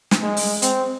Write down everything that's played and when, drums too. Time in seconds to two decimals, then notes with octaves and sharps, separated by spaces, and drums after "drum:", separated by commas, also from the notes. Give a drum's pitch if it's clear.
0.11 drum: snare
0.22 G#3
0.37 drum: open hi-hat
0.62 C4, drum: hi-hat